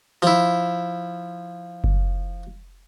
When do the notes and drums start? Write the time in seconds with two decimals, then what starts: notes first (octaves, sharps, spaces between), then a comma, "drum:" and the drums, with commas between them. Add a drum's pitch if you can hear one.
0.22 F3 E4, drum: tambourine
1.84 drum: kick F#1